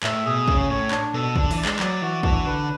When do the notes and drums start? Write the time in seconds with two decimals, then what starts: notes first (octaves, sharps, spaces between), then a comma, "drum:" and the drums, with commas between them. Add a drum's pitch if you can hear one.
0.03 A2 E5, drum: clap
0.25 B2 G#4
0.48 C#3 C#4, drum: kick
0.70 A2 C#5
0.91 D4, drum: clap
1.14 B2 A4
1.36 D3 D4, drum: kick
1.51 E3, drum: open hi-hat
1.57 D5
1.65 G#3, drum: clap
1.79 F#3 D5, drum: clap
2.02 E3 F#4
2.23 E3 D4, drum: kick
2.46 D3 B4